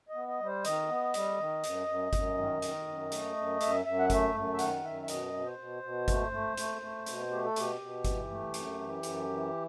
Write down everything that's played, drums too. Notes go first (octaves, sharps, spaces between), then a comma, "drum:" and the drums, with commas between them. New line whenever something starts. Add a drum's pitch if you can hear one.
D#5
B3
D#5
G3
C5
D#3 D#5, drum: hi-hat
B3
G3, drum: hi-hat
D#3
F#2, drum: hi-hat
F#2
F#2, drum: kick G1, hi-hat
D#3
D#3, drum: hi-hat
F#2
A3, drum: hi-hat
F#2
F#2 E5, drum: hi-hat
F#2 E5
F#5
A3 E5, drum: kick G1, hi-hat
F#2
E5
D#3 F#5, drum: hi-hat
F#2 E5
E5
B2 D#5, drum: hi-hat
B2
C5
B2
B2
A3, drum: kick G1, hi-hat
A3
A3, drum: hi-hat
A3
B2, drum: hi-hat
A3 G4
A4
B2 G4, drum: hi-hat
B2
E3, drum: kick G1, hi-hat
A3
F#2, drum: hi-hat
E3
F#2, drum: hi-hat
E3